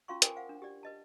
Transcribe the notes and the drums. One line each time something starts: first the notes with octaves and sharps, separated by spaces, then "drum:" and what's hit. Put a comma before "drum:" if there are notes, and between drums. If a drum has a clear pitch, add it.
C#4 F4 F5 C6 C#6
A#4 G5 G#5 D6, drum: hi-hat
C5 F5 F#5
D4
G4 D5
B4 D#5 A5